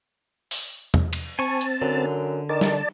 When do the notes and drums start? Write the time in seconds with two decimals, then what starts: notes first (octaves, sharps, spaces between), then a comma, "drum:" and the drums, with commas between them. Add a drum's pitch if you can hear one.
0.51 drum: open hi-hat
0.94 drum: tom E2
1.13 drum: cymbal
1.39 C4 G#5 A5 C#6
1.61 drum: hi-hat
1.81 F#2 D3
2.49 D#3 D5 A5
2.61 drum: snare